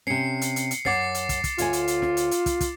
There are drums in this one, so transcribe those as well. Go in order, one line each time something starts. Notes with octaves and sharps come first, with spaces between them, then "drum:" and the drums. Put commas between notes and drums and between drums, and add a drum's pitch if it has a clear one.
C3 C#4 C7 C#7
drum: hi-hat
drum: hi-hat
drum: hi-hat
F#2 C#5 F#5 D6 A6 C7, drum: snare
drum: hi-hat
drum: kick, hi-hat
drum: kick, hi-hat
D2 F4 C#5 G#5, drum: hi-hat
drum: hi-hat
drum: hi-hat
drum: snare
drum: hi-hat
drum: hi-hat
drum: kick, hi-hat
drum: kick, hi-hat